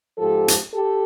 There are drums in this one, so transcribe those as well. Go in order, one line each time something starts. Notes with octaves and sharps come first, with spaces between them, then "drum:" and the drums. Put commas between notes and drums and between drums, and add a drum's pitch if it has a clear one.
G#2 F3 G4 A4
drum: hi-hat
G4 A4